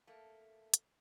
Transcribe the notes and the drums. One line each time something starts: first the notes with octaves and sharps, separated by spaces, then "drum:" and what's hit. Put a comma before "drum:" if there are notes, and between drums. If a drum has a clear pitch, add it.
A3 A#3
drum: hi-hat